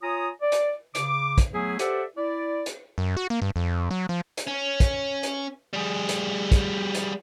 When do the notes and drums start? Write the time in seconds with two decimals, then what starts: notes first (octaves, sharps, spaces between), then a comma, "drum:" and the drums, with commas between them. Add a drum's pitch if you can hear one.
0.02 F4 C#5 G#5 A#5 D#6
0.42 D5
0.52 drum: hi-hat
0.95 C#3 D6, drum: hi-hat
1.38 drum: kick, hi-hat
1.53 F#3 A3 B3 E4 G#4
1.79 G4 A4 C5 D5 E5 F#5, drum: hi-hat
2.17 E4 D5
2.66 drum: hi-hat
2.98 F#2
3.17 F#4
3.30 A#3
3.42 G2
3.56 F2
3.91 F#3
4.09 F3
4.37 drum: hi-hat
4.47 C#4
4.80 drum: kick, hi-hat
5.23 drum: hi-hat
5.73 G3 G#4
6.09 drum: hi-hat
6.52 drum: kick, hi-hat
6.94 drum: hi-hat